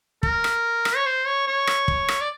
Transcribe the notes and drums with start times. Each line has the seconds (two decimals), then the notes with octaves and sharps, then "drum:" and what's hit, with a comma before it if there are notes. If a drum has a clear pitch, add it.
0.23 A#4, drum: kick
0.44 drum: rim click
0.85 drum: rim click
0.96 C#5
1.06 C5
1.26 C#5
1.47 C#5
1.67 drum: rim click
1.88 drum: kick
2.08 drum: rim click
2.21 D5